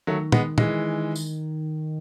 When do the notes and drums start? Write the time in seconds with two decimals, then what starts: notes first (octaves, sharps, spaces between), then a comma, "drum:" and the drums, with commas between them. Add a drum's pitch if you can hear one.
0.07 D#3 F#3 A3
0.32 G#3 B3, drum: tom
0.58 E3 G#3, drum: tom
1.16 drum: tambourine